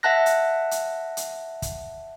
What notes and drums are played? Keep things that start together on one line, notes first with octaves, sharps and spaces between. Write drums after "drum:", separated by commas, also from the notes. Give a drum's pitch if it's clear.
E5 F#5 A5 F#6 A#6
drum: hi-hat
drum: hi-hat
drum: hi-hat
drum: kick, hi-hat